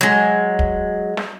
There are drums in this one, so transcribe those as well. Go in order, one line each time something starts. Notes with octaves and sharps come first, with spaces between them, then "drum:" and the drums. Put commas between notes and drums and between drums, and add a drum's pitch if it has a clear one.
F#3 G#3
drum: kick
drum: snare